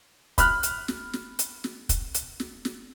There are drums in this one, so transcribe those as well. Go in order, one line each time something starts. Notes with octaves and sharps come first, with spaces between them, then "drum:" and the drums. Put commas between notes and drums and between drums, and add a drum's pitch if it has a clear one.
B5 F6 F#6, drum: kick, hi-hat
drum: hi-hat
drum: snare
drum: snare
drum: hi-hat
drum: snare
drum: kick, hi-hat
drum: hi-hat
drum: snare
drum: snare